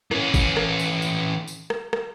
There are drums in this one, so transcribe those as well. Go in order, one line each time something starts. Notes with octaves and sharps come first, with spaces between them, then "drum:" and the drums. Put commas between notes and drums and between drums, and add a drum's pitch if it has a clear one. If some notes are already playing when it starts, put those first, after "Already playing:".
E3 C#4, drum: rim click
drum: kick, tambourine
drum: rim click
drum: tambourine
drum: tambourine
drum: tambourine
drum: rim click
drum: rim click